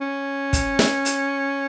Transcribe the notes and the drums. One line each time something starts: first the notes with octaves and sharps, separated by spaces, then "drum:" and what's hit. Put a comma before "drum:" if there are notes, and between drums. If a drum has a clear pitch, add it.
C#4
drum: kick, hi-hat
drum: snare
drum: hi-hat